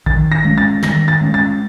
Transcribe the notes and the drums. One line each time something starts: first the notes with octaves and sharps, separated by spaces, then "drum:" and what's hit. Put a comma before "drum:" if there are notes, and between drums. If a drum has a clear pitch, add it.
D#3 A6, drum: kick A1
A#6
G#3 C#4
A6
D#3 A#6, drum: snare
A6
G#3 C#4
A6